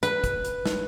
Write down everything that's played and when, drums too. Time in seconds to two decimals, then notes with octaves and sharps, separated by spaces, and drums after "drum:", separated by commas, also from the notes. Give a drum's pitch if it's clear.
0.03 B4, drum: hi-hat
0.24 drum: kick, hi-hat
0.45 drum: hi-hat
0.66 drum: snare